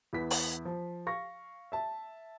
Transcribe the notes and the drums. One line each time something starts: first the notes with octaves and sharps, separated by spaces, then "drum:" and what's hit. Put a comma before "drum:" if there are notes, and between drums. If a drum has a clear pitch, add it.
E2 E3 B3 B6
drum: open hi-hat
F3
F5 C#6 A#6
E5 A5